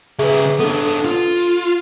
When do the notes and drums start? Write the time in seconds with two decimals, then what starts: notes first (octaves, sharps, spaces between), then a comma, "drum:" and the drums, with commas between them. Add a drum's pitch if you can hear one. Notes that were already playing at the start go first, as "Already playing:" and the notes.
0.19 C#3 G#4 B4 E5
0.34 drum: tambourine
0.60 B3 D4 A4
0.86 drum: tambourine
1.04 F4
1.38 drum: tambourine